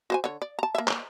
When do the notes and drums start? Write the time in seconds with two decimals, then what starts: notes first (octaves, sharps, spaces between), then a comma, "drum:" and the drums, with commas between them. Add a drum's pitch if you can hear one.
0.10 F#4 C5 G#5
0.24 D3 C#5
0.42 D5
0.59 A5 A#5
0.75 A#3 E5
0.88 drum: clap